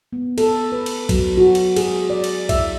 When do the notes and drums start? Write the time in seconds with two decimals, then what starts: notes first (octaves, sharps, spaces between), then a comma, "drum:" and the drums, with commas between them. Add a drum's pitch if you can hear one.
0.13 B3
0.38 A4, drum: cymbal
0.72 B4
0.86 drum: cymbal
1.09 F#3, drum: kick A#1, cymbal
1.37 F#4
1.55 drum: cymbal
1.76 G#4, drum: cymbal
2.10 D5
2.24 drum: cymbal
2.49 E5, drum: kick A#1, cymbal